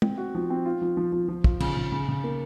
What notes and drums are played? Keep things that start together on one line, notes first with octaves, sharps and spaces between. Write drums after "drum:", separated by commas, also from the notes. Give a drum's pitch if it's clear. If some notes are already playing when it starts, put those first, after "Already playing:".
C4, drum: tom
F#4
F3
C4
F4
F3
F3
F3
F3
F4, drum: kick
C#3, drum: cymbal
C#3
C#3
C#3
A#3